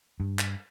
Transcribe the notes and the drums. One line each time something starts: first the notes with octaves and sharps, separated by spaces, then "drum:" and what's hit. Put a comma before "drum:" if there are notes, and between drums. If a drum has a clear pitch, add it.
G2
drum: clap